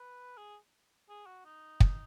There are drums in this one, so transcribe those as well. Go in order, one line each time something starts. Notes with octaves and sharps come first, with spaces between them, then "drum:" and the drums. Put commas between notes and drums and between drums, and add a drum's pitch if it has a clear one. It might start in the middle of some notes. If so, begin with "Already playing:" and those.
Already playing: B4
G#4
G#4
F#4
D#4
drum: kick